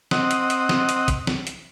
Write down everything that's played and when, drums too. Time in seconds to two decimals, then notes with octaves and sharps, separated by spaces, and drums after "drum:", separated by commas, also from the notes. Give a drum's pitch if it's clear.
0.11 C4 D#5 F#5, drum: snare
0.31 drum: hi-hat
0.50 drum: hi-hat
0.69 drum: snare
0.89 drum: hi-hat
1.08 drum: kick, hi-hat
1.27 drum: snare
1.47 drum: hi-hat